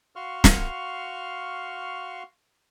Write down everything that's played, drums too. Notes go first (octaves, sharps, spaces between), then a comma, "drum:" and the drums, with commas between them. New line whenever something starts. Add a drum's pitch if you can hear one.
F#4 F5 C6 C#6 F6
drum: snare